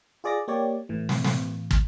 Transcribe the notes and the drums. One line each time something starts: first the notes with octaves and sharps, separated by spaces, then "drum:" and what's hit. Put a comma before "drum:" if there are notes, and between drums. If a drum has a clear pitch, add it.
F4 G#4 D5 D6 A#6
A#3 G4 C#5 D5
A2 E3
drum: snare
drum: snare
drum: kick